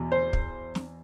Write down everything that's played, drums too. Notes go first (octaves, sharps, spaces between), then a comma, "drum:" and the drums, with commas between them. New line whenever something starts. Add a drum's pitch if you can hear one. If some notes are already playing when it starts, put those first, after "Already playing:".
Already playing: E2 B2
C5
drum: kick
drum: snare